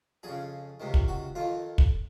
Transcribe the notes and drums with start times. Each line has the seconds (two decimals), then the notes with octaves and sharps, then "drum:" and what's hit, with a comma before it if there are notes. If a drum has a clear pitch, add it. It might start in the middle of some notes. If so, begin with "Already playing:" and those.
0.23 F2 C#3 G#4
0.80 C#2 C3 D#3
0.94 drum: kick
1.08 F#4
1.35 F2 D#3 F4
1.78 drum: kick